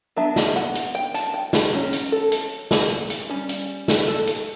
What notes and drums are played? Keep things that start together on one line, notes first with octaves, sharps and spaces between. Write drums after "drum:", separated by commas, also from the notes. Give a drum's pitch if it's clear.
F#3 B3 D4 E5
drum: snare
F#5
drum: hi-hat
G5
A5, drum: hi-hat
G5
B4, drum: snare
F#3 C#4
drum: hi-hat
A4
drum: hi-hat
drum: snare
drum: hi-hat
G3 C#4
drum: hi-hat
drum: snare
A4
drum: hi-hat